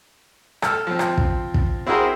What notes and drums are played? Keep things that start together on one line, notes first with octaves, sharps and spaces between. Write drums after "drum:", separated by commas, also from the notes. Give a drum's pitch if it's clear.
A4 F6, drum: rim click
F3 C4
drum: rim click
drum: kick
drum: kick
C4 E4 F#4 G#4 A#4 C5